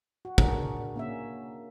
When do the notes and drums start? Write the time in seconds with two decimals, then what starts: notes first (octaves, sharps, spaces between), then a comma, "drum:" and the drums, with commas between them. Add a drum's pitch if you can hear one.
0.25 F#4
0.38 D4 F#4 G#4 A#4, drum: kick
0.96 A#3 C#4 E5